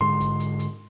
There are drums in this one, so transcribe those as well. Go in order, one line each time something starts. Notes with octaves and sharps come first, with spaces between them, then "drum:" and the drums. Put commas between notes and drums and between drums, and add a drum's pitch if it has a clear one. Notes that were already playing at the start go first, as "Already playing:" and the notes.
G#2 D3 G#3 C6
drum: kick, hi-hat
drum: hi-hat
drum: hi-hat